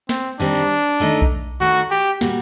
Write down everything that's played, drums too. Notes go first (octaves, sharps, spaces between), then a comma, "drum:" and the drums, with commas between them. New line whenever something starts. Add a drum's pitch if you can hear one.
C4, drum: snare
D#3 G3 C4 D4
drum: open hi-hat
D#3 A3 D#4
drum: kick B1
D#3 A3 D4 F#4 A4
G4
A#2 G3 A#3 F#4, drum: snare